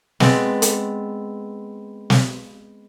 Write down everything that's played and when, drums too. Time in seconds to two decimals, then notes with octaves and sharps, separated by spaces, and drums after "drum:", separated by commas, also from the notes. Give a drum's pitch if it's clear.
0.20 G#3 B3 C4 D5, drum: snare
0.62 drum: hi-hat
2.10 drum: snare